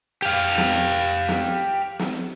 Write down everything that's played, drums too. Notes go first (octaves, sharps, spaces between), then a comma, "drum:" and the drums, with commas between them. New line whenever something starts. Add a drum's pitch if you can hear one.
G4 F5
drum: snare
drum: snare
drum: snare